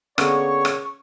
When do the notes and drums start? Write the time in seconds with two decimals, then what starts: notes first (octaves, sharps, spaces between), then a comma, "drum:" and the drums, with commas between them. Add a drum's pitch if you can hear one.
0.18 D3 A#3 B3 C#4 G#4 C#5 C#6, drum: rim click
0.65 drum: rim click